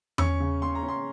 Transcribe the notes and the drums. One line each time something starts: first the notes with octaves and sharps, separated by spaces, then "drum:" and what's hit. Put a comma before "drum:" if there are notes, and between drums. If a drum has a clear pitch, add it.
C#4 C#6, drum: tom E2
C#3
C#3 C6
A#5
C#4
C6